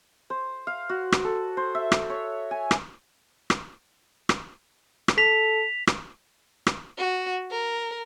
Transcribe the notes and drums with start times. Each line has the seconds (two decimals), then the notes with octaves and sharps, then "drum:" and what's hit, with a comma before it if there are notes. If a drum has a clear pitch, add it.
0.30 C5
0.67 F5
0.89 F#4
1.12 drum: rim click
1.25 A4
1.57 C5
1.75 E5
1.92 drum: rim click
2.10 C#5
2.51 G#5
2.71 drum: rim click
3.50 drum: rim click
4.29 drum: rim click
5.08 drum: rim click
5.18 A4 B6 F7
5.87 drum: rim click
6.67 drum: rim click
6.98 F#4
7.51 A#4